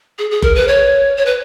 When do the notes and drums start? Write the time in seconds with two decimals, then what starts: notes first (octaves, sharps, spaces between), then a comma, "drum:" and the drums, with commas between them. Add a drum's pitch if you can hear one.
0.19 G#4
0.31 G#4
0.42 A#4, drum: kick F#1
0.55 B4
0.68 C#5
1.17 C#5
1.25 B4